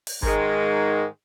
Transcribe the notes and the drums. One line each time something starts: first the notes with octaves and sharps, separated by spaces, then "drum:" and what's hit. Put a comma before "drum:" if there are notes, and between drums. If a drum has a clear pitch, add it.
drum: open hi-hat
G#2 D#3 G#3, drum: kick G1